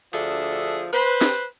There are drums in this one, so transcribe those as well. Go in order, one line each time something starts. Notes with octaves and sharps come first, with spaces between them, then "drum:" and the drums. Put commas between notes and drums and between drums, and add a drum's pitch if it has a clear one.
D2 F3 D4 G#4 A4 E5, drum: hi-hat
B4 C5
drum: snare